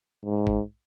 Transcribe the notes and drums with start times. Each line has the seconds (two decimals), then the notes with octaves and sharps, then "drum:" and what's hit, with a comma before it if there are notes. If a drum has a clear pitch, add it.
0.24 G#2
0.47 drum: kick